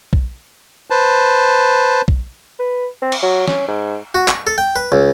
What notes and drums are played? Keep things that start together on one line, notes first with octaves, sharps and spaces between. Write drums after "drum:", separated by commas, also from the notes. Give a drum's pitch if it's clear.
drum: kick B1
B4 C5 A5
drum: kick B1
B4
C4
drum: cymbal
F#3
C#4, drum: snare
G#2
F#4
C#6, drum: clap
A4
G5
B4
C#2